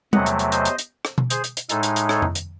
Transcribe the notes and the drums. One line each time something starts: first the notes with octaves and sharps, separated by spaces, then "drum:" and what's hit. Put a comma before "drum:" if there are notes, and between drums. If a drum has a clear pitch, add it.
E2 C3 F#3 A3 D#5 F#5, drum: tom G3
drum: hi-hat
drum: hi-hat
C5 D#5, drum: hi-hat
drum: hi-hat
drum: hi-hat
drum: rim click
drum: tom B2
G#4 C5, drum: hi-hat
drum: hi-hat
drum: hi-hat
A2 G#3 D#4 A4, drum: hi-hat
drum: hi-hat
drum: hi-hat
A4 C#5, drum: rim click
drum: tom F2
drum: hi-hat